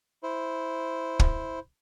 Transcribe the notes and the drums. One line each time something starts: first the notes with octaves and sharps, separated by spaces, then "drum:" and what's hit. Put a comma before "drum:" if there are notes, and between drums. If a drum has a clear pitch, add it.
E4 C5
drum: kick